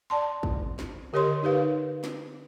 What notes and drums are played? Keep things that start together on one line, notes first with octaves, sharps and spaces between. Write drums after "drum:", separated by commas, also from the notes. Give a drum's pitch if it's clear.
D5 A5 C6
drum: kick
drum: snare
D3 G4 A#4 C#5 D#5 C6
D#4 G4 B4 F5
drum: snare